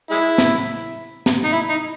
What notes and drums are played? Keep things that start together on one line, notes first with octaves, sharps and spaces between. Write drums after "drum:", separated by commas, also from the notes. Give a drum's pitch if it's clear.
G#3 E4
drum: snare
drum: snare
D#4
E4
D#4